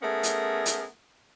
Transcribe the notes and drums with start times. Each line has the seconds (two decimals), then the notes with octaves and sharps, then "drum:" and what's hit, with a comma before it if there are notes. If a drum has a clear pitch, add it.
0.02 A3 B3 C#4 G#4 A#4
0.23 drum: hi-hat
0.66 drum: hi-hat